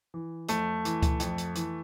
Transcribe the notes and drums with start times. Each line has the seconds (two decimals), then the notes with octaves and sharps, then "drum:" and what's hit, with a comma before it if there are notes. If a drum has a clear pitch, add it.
0.14 E3
0.48 F2 A3, drum: hi-hat
0.85 E3, drum: hi-hat
1.02 drum: kick C#2, hi-hat
1.20 F2, drum: hi-hat
1.38 drum: hi-hat
1.55 E3, drum: hi-hat